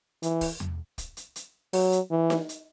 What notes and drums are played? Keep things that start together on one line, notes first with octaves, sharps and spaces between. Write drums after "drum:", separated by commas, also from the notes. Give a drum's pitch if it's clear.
E3, drum: hi-hat
drum: kick, open hi-hat
drum: tom E2
drum: kick, hi-hat
drum: hi-hat
drum: hi-hat
F#3, drum: open hi-hat
drum: hi-hat
E3
drum: snare D#4
drum: hi-hat